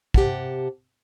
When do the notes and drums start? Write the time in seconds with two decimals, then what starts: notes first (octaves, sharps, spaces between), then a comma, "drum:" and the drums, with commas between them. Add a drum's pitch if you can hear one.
0.14 C3 G4 C5 F#5 A5, drum: kick